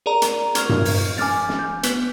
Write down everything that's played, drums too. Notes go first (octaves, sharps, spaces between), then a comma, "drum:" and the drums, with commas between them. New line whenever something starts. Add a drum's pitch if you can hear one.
G#4 A#4 D5 A#5
drum: hi-hat
A#4 C#6 F6 G#6, drum: hi-hat
drum: tom G2
drum: open hi-hat
G#5 D6 F6 A6, drum: snare
drum: snare
G6
B3 B4, drum: hi-hat